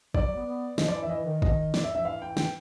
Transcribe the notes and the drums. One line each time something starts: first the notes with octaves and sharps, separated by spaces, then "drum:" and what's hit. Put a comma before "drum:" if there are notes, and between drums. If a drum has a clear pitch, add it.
F#3 D5, drum: kick
F#3
B3
B3
F3 D#5, drum: snare
D5
E3
E5
E3 D#5
D#3
D#5, drum: kick
D5, drum: snare
E5
F3 E5
E3 F5
G5
G5, drum: snare